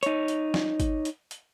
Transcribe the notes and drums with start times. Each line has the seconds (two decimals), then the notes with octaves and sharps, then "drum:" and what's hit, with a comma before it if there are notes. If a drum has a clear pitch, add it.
0.03 D#4 C#5, drum: hi-hat
0.28 drum: hi-hat
0.54 drum: snare
0.80 drum: kick G#1, hi-hat
1.05 drum: hi-hat
1.31 drum: hi-hat